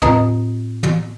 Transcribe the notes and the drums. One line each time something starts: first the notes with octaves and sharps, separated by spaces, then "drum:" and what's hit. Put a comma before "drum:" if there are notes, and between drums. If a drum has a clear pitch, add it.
A2 C4 F4 B4 D#5 D#6, drum: tom
drum: tom